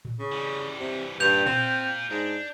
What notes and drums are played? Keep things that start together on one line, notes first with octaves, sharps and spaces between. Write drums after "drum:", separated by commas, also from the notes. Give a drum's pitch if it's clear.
drum: tom A2
C#3
E3 G3
C3
G2 A#2 G4 G6 F7
C4 F4 A#4, drum: tom A#2
G#2 D4